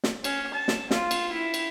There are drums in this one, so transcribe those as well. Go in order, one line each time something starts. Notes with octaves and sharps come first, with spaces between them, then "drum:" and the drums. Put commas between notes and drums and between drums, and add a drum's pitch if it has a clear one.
drum: snare
C#4, drum: cymbal
A5
drum: snare
F4, drum: snare
drum: cymbal
E4
drum: cymbal